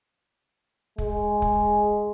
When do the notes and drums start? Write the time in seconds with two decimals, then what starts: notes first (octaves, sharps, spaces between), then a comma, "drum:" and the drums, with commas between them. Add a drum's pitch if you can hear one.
0.98 G#3, drum: kick
1.42 drum: kick